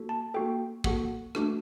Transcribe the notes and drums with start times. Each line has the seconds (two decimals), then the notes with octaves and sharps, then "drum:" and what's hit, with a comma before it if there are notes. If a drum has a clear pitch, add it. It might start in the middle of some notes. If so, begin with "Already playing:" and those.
Already playing: A#3 F#4 A4
0.09 A5
0.34 A#3 F#4 A4 G5
0.84 A#3 F#4 A4 F#5, drum: kick
1.35 A3 D4 F#4 A4, drum: rim click